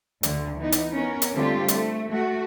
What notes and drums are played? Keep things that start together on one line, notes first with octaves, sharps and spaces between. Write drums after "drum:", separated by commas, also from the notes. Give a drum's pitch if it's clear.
D2 D3, drum: hi-hat
E3 B3 D#4
drum: hi-hat
B3 C#4 A#4
drum: hi-hat
D3 G3 A3 C4 F4 G4
A3, drum: hi-hat
A3 F#4